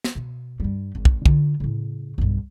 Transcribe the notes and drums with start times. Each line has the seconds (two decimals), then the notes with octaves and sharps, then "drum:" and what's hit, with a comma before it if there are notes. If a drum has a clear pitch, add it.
0.04 drum: snare
0.15 B2
0.60 G2 G3
0.95 G#1
1.05 drum: kick
1.26 D3 F4, drum: kick
1.60 A2 C#3
2.18 B1 G2